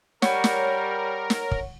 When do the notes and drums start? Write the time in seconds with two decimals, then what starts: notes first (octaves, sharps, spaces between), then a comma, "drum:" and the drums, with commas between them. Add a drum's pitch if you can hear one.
0.22 G3 A#4 C#5 F#5 C#6, drum: snare
0.44 drum: snare
1.30 drum: snare
1.51 drum: kick